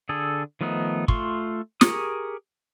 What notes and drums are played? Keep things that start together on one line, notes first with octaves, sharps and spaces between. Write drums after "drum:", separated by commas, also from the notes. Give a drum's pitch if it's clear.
D3 G#4 A4
D#3 F3 A3 B3 D#4
A3 F4 C6 C#6, drum: kick
G4 G#4 A#4 C#6 D#6, drum: snare